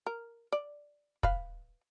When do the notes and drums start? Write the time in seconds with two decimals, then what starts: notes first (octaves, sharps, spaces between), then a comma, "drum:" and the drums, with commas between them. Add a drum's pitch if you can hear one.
0.06 A#4
0.52 D5
1.23 B4 F5, drum: kick